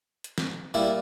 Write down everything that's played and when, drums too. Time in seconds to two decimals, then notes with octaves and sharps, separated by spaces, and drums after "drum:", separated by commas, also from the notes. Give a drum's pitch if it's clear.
0.24 drum: hi-hat
0.38 drum: snare
0.74 A#2 G3 E4